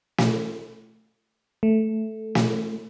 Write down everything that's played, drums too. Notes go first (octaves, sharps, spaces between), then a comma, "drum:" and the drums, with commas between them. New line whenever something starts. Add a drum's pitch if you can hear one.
drum: snare
A3
drum: snare